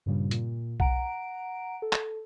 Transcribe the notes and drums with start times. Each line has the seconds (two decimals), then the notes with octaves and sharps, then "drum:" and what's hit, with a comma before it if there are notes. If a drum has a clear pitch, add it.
0.06 G2 A#2 C#3 G3
0.31 A#2, drum: hi-hat
0.80 F#5 A#5 D7, drum: kick B1
1.82 A4
1.93 drum: clap